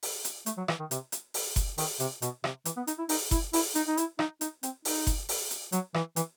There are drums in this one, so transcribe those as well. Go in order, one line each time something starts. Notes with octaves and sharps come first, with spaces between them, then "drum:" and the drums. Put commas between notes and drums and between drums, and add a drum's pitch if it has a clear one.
drum: open hi-hat
drum: hi-hat
A3, drum: hi-hat
F#3
E3, drum: rim click
D#3
C3, drum: hi-hat
drum: hi-hat
drum: open hi-hat
drum: kick F#1, hi-hat
D#3, drum: open hi-hat
C3, drum: hi-hat
B2, drum: hi-hat
C3, drum: rim click
E3, drum: hi-hat
B3
D#4, drum: hi-hat
E4
D#4, drum: open hi-hat
E4, drum: kick F#1, hi-hat
E4, drum: open hi-hat
D#4, drum: hi-hat
D#4
E4, drum: hi-hat
D#4, drum: rim click
D#4, drum: hi-hat
C4, drum: hi-hat
D#4, drum: open hi-hat
drum: kick F#1, hi-hat
drum: open hi-hat
drum: hi-hat
F#3, drum: hi-hat
E3, drum: rim click
E3, drum: hi-hat